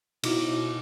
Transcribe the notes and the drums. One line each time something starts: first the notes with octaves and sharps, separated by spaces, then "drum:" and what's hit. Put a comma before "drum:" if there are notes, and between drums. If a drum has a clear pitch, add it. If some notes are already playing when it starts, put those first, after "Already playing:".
B2 D#4 E4 F#4 D6, drum: cymbal